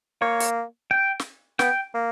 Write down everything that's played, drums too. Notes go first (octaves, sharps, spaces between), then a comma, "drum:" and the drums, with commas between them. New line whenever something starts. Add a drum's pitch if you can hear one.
A#3 C#5
drum: hi-hat
G5
drum: snare
B3 G5, drum: snare
A#3